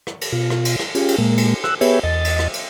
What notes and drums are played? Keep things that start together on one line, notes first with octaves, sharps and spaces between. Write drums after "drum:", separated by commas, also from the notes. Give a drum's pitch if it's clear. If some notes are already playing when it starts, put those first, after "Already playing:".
drum: rim click
drum: cymbal
B2 F4
drum: rim click
drum: cymbal
drum: rim click
C#4 F4 G4 G#4, drum: cymbal
drum: cymbal
A#2 G#3 A#3
drum: cymbal
E6 F#6, drum: rim click
B3 G4 G#4 B4 C#5 E5, drum: cymbal
E2 D#5 A6
drum: cymbal
drum: rim click
drum: cymbal